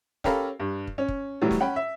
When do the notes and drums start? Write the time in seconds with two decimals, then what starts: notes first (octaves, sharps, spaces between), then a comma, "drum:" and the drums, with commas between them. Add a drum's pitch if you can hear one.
0.24 C#4 G4 A4 A#4 F5 B5, drum: snare
0.60 G2
0.87 drum: kick
0.98 C#4
1.09 drum: kick
1.42 A2 E3 F#3 G3
1.51 drum: snare
1.60 C#4 F#5 G5 B5
1.76 E5